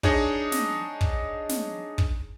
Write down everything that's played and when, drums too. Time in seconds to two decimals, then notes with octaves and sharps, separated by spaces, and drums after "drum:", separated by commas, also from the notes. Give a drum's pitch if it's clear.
0.03 D4 D#4 G#4 C#5 D#5, drum: kick
0.52 drum: snare
1.01 drum: kick
1.49 drum: snare
1.98 drum: kick